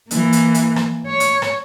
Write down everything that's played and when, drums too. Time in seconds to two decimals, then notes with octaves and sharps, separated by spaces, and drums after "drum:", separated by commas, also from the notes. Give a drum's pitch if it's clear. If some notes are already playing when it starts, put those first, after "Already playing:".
0.11 E3 A#3, drum: hi-hat
0.33 drum: hi-hat
0.54 drum: hi-hat
0.76 drum: rim click
1.07 C#5
1.20 drum: hi-hat
1.42 drum: rim click